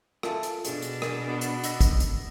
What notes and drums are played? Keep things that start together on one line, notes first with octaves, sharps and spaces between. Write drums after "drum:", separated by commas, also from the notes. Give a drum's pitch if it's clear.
F4 A4 E5, drum: rim click
drum: hi-hat
B2 D4 G#4, drum: hi-hat
drum: hi-hat
drum: rim click
B3
drum: hi-hat
D#5 E6 A#6, drum: hi-hat
drum: kick, hi-hat
drum: hi-hat